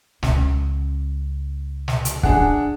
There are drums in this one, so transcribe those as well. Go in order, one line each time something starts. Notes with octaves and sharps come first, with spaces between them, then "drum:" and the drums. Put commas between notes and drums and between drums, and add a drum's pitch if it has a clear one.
C#2 C#4, drum: snare
drum: snare
drum: hi-hat
D4 G#4 F#5, drum: kick